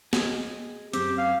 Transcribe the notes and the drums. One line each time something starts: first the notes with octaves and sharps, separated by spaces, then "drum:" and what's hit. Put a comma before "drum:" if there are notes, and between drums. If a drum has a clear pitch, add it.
G#4 D#5, drum: snare
F#2 C4 G4, drum: hi-hat
F5